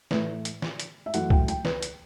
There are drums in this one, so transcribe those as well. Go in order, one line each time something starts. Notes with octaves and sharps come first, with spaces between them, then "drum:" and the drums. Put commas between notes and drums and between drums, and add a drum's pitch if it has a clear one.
A2 E3 A3 B4, drum: snare
drum: hi-hat
drum: snare
drum: hi-hat
E5
F#2 E3 A3 F#5, drum: hi-hat
G5, drum: kick
G5, drum: hi-hat
B4, drum: snare
drum: hi-hat